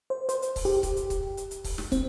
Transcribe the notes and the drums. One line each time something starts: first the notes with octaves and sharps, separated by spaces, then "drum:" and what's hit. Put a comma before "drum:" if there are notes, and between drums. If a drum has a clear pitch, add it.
C5
C5, drum: hi-hat
drum: hi-hat
drum: kick, open hi-hat
G4
drum: kick, hi-hat
drum: hi-hat
drum: kick, hi-hat
drum: hi-hat
drum: hi-hat
drum: kick, open hi-hat
drum: snare
C4, drum: kick, hi-hat